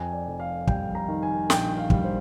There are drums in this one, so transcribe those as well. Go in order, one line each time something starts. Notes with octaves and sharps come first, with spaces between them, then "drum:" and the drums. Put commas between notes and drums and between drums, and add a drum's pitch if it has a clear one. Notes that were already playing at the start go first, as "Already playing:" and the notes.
Already playing: F2 G#5
D5
F1
F5
G3 G5, drum: kick
A#5
D#3
G#5
A#1 G5, drum: snare
F5
G3, drum: kick
C5